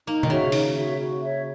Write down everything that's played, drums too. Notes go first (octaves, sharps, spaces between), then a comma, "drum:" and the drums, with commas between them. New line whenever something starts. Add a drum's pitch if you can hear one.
A#3 D#4
D#3, drum: tom B2
C#3 F#4 C#5 E5
D#4, drum: open hi-hat
F#4 C#5 E5
F#4
C#5 E5